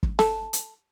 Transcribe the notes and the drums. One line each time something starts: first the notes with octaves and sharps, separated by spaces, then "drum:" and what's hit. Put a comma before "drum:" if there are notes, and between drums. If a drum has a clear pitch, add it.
drum: kick
A4, drum: snare
drum: hi-hat